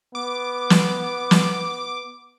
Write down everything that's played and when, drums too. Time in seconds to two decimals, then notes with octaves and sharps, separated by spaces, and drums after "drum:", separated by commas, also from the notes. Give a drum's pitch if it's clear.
0.15 B3 D6
0.70 drum: snare
1.31 drum: snare